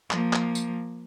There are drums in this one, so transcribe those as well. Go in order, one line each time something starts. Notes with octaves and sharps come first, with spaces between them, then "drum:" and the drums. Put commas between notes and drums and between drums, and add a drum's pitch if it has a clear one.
F3 A#3, drum: clap
drum: clap
drum: tambourine